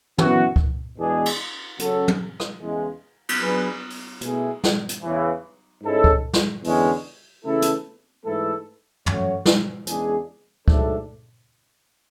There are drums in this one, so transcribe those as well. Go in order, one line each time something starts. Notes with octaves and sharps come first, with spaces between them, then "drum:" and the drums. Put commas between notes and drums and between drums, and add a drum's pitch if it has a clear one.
F#2 E3 B3 F#4, drum: tom
drum: kick C#2
E2 B2 G#3 D4 G#4
drum: cymbal
C#3 F#3 C#4 F#4 A4, drum: hi-hat
drum: tom
drum: rim click
E2 C#3 E3 G#3
drum: cymbal
F#3 B3 D4 G#4 B4
drum: open hi-hat
B2 A3 E4 G#4, drum: hi-hat
drum: snare
drum: hi-hat
E2 C#3 E3
G#2 G#3 C#4 E4 A4
drum: kick C#2
drum: snare
E2 D3 G#3 C#4, drum: open hi-hat
C#3 E3 A3 E4 A4
drum: hi-hat
G#2 E3 A3 E4 A4
F#3 A3 C#4 F#4 C#5, drum: tom
drum: snare
E2 C#3 G#3 D4 G#4, drum: hi-hat
G#2 F#3 A3 D4 A4, drum: kick C#2